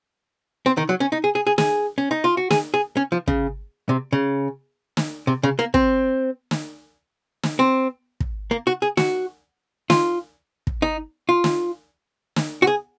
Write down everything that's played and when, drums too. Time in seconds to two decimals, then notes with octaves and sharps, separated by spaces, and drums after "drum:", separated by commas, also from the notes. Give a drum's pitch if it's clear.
0.66 C4
0.77 D#3
0.89 F#3
1.00 C#4
1.12 D#4
1.24 G#4
1.35 G#4
1.47 G#4
1.58 G#4, drum: snare
1.98 C#4
2.11 D#4
2.24 F4
2.37 F#4
2.51 G#4, drum: snare
2.74 G#4
2.97 C#4
3.12 F3
3.28 C#3, drum: kick
3.89 C3
4.13 C#3
4.97 drum: snare
5.27 C3
5.43 C#3
5.59 A#3
5.74 C4, drum: kick
6.51 drum: snare
7.43 drum: snare
7.59 C4
8.20 drum: kick
8.51 A#3
8.67 F#4
8.82 G#4
8.97 F#4, drum: snare
9.90 F4, drum: snare
10.67 drum: kick
10.82 D#4
11.29 F4
11.44 drum: snare
12.36 drum: snare
12.62 F#4
12.67 G#4